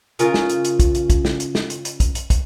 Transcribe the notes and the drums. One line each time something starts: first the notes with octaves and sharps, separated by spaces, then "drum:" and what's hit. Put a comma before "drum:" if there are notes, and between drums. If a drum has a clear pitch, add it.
C#3 F4 A#4, drum: hi-hat
drum: snare
drum: hi-hat
drum: hi-hat
drum: kick, hi-hat
drum: hi-hat
drum: kick, hi-hat
drum: snare
drum: hi-hat
drum: snare
drum: hi-hat
drum: hi-hat
drum: kick, hi-hat
drum: hi-hat
drum: kick, hi-hat